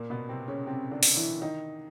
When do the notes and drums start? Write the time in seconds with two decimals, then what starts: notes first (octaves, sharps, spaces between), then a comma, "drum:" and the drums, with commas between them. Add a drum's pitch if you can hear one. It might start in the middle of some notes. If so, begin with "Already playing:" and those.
Already playing: A#2 A#3
0.10 B2 B3
0.29 C3 C4
0.48 C#3 C#4
0.66 C3 C4
0.91 D3 D4
1.03 drum: open hi-hat
1.17 E3 E4
1.42 D#3 D#4